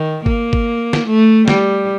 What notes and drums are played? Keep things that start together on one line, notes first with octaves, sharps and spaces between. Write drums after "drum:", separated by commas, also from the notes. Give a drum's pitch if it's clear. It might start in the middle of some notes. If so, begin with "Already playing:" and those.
Already playing: D#3
A#3, drum: kick G1
drum: kick G1
drum: snare
A3
G3, drum: snare